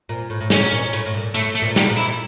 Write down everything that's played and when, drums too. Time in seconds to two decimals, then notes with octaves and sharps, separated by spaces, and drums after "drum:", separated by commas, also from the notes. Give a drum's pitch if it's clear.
0.09 A#2
0.30 A2
0.41 A2
0.50 A#2 C#4, drum: snare
0.72 A#2
0.93 A2, drum: hi-hat
1.06 A2
1.14 A#2
1.34 A2 A3, drum: hi-hat
1.55 A3
1.62 A#2
1.76 G3, drum: snare
1.90 A#2
1.97 E4